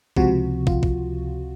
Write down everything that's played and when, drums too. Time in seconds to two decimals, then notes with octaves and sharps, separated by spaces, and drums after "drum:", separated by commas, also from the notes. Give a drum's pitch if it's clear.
0.17 C#2 C3 F3 F#4, drum: kick
0.67 F4, drum: kick
0.83 drum: kick